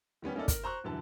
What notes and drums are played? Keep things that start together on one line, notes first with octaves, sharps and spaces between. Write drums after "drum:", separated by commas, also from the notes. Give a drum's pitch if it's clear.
D#3 G3 B3 C#4
A#3 C#4 D#4 E4 A4 D5
A#4, drum: kick, hi-hat
C5 A#5 C#6 F#6
D#1 F#2 D3 E3 A5